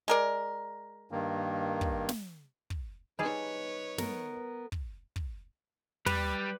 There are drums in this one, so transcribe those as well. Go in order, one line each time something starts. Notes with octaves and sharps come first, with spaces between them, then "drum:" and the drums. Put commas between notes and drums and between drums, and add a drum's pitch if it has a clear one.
G#3 A#4 D5
G2 D#3 A#3
drum: kick
drum: snare
drum: kick
G3 D#4 G#4 B4 C#5 A5
B3 A#4, drum: snare
drum: kick
drum: kick
G3 B4, drum: tom